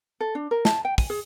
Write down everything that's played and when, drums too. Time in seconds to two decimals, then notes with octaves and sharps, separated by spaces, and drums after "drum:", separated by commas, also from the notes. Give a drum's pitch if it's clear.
0.20 A4
0.35 D4
0.51 A#4
0.65 A5, drum: snare
0.85 G5
0.98 G#5, drum: kick, open hi-hat
1.10 G#4